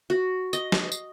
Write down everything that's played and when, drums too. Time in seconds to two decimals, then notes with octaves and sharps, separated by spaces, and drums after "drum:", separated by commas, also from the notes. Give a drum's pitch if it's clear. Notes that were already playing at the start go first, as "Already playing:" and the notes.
0.10 F#4
0.53 D#5, drum: tambourine
0.72 drum: snare
0.92 drum: tambourine